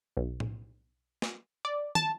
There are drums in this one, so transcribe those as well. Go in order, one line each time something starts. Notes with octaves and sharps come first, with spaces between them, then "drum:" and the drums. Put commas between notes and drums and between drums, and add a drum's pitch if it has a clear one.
B1
drum: tom A2
drum: snare
D5
A5, drum: tom D#3